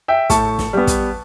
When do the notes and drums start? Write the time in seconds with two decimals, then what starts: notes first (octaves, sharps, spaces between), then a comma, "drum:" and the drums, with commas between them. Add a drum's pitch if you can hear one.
0.08 E5 G5
0.30 A2 A5 C#6, drum: kick, hi-hat
0.59 drum: snare
0.73 G3 B3
0.87 drum: kick, hi-hat